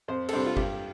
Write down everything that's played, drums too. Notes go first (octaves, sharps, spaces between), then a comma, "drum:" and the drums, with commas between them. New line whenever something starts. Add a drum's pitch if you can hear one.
F2 C5
A4, drum: cymbal
C3 G3 D4 C5
F4
G2 G4, drum: kick G1